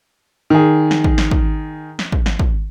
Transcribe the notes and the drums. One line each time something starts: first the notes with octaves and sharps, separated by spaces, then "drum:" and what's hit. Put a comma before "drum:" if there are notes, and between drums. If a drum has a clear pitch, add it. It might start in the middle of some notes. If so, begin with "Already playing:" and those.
D#3 G#4
drum: snare
drum: kick
drum: snare
drum: kick
drum: snare
drum: kick
drum: snare
drum: kick